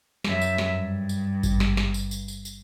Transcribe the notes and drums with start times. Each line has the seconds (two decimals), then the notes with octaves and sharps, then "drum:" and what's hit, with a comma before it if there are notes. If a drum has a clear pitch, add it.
0.24 F#2 E5, drum: snare
0.41 drum: tambourine
0.58 drum: snare
0.72 G2
1.09 drum: tambourine
1.43 drum: kick G#1, tambourine
1.60 drum: snare
1.77 drum: snare
1.94 drum: tambourine
2.11 drum: tambourine
2.28 drum: tambourine
2.45 drum: tambourine